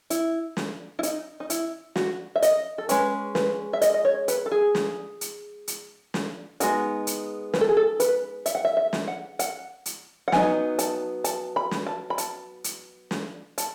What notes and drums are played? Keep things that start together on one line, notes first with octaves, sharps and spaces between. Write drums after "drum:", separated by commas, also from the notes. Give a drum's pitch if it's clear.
E4, drum: hi-hat
drum: snare
E4
D#4, drum: hi-hat
D#4
E4, drum: hi-hat
F#4, drum: snare
E5
D#5, drum: hi-hat
A4
G#3 C#4 B4, drum: hi-hat
B4, drum: snare
E5
D#5, drum: hi-hat
D#5
C#5
B4, drum: hi-hat
A4
G#4
drum: snare
drum: hi-hat
drum: hi-hat
drum: snare
G#3 B3 D#4 F#4, drum: hi-hat
drum: hi-hat
B4, drum: snare
A4
G#4
A4
B4, drum: hi-hat
E5, drum: hi-hat
F#5
E5
E5
drum: snare
F#5
F#5, drum: hi-hat
drum: hi-hat
F#5
F#3 B3 D#4 G#5, drum: snare
A5, drum: hi-hat
A5, drum: hi-hat
B5
drum: snare
A5
B5
A5, drum: hi-hat
drum: hi-hat
drum: snare
A5, drum: hi-hat